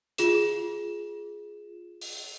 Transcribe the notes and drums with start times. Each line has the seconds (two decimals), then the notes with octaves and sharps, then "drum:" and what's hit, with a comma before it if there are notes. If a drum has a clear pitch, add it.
0.18 F4 G#4 E7, drum: hi-hat
2.01 drum: open hi-hat